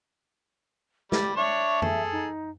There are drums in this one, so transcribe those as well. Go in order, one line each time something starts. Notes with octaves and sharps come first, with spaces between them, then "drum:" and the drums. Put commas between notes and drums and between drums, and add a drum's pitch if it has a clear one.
G3 G4, drum: snare
D4 C#5 E5 C#6
G#4 A4, drum: tom
D#4